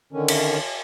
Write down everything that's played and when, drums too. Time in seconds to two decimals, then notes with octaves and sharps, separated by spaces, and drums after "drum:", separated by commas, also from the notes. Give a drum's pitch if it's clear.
0.13 D3 D#3 C#4
0.28 drum: cymbal